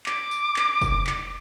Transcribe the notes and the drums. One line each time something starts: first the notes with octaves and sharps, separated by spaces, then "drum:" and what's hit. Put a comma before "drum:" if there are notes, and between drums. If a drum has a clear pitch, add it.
D6, drum: clap
drum: tambourine
drum: clap
drum: kick, tambourine
drum: clap